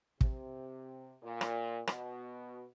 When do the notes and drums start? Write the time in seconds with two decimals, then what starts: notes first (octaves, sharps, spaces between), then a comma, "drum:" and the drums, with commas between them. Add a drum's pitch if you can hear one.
0.21 C3, drum: kick
1.22 A#2
1.41 drum: rim click
1.87 B2, drum: rim click